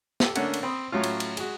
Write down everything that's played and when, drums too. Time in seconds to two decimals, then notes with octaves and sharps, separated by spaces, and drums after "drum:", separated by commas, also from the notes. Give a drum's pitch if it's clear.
0.20 G4 A4, drum: snare
0.35 D3 A3 A#3 C#4 A4 F#5, drum: cymbal
0.53 drum: cymbal
0.63 C4 B5 D#6
0.92 A2 F#3 C#4 F4
1.03 drum: cymbal
1.20 drum: cymbal
1.37 G#3 F#4, drum: cymbal